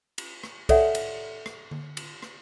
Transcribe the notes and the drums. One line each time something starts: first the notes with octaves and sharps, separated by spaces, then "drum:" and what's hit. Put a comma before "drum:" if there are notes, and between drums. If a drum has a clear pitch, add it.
drum: cymbal
drum: rim click
A4 C#5 D5 E5 F#5 G#5, drum: kick C2, cymbal
drum: cymbal
drum: rim click
drum: tom D3
drum: cymbal
drum: rim click